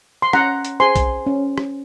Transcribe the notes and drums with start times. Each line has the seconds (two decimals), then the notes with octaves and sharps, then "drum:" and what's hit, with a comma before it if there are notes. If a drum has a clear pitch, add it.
0.22 C6
0.33 C#4 F#5 A#5, drum: rim click
0.65 drum: hi-hat
0.80 G#4 C5 G#5 C6
0.96 drum: kick B1, hi-hat
1.26 C#4
1.58 drum: rim click